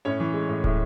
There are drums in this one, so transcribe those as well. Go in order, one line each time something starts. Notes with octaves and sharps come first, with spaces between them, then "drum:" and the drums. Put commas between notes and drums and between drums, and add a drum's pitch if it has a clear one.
A2 C#4 C#5
E3
G#3
A2
A2, drum: kick